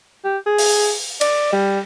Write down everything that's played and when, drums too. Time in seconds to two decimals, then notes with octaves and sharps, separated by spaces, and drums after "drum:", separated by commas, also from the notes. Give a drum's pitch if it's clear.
0.25 G4
0.46 G#4
0.58 drum: open hi-hat
1.21 D5, drum: cymbal
1.52 G3